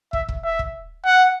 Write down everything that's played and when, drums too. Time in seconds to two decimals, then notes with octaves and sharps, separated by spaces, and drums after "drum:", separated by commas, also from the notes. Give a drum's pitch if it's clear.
0.13 E5, drum: kick
0.29 drum: kick
0.44 E5
0.59 drum: kick
1.05 F#5